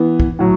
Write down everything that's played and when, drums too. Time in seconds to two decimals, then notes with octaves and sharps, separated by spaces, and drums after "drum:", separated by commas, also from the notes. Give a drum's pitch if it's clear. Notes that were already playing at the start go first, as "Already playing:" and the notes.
Already playing: E3 B3
0.20 drum: kick
0.39 A2 F#3